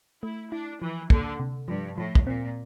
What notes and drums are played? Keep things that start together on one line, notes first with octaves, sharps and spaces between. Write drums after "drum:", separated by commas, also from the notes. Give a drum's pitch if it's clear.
A3 E4
D4 E4
E3 F3
D3 A#3, drum: kick
C3
G2 F3
A2 F3
drum: kick
A#2 C4